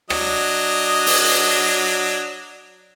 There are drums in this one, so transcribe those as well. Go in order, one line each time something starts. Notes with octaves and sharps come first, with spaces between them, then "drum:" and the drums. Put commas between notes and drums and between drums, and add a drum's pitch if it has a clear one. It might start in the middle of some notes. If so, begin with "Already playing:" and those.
F#3 D4 D#5, drum: rim click
drum: open hi-hat